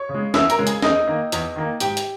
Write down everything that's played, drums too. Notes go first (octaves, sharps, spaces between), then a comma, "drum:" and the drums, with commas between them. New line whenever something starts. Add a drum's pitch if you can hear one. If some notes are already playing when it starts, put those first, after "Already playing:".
Already playing: C#5 C#6
C#3
G#3
E2 E5 E6, drum: snare
A#4 A#5, drum: hi-hat
C#3 G#3
G#4 G#5, drum: hi-hat
E2 D#4 D#5, drum: snare
D#3 A#3
E2, drum: hi-hat
D#3 A#3
G#2 G4 G5, drum: hi-hat
drum: hi-hat